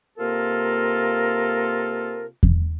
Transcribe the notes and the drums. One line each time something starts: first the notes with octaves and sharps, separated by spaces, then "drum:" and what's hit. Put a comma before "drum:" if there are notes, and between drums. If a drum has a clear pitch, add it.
C3 A#3 F4 A4 A#4
drum: kick E2